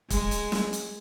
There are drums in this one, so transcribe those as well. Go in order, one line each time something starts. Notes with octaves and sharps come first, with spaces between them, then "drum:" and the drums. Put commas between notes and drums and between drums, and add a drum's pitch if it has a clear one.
G#3, drum: kick, hi-hat
drum: hi-hat
drum: snare
drum: hi-hat